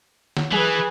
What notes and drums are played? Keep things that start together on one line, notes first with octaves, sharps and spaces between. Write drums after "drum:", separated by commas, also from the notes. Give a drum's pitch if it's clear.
drum: snare
E3 G#4 B4, drum: tom F#3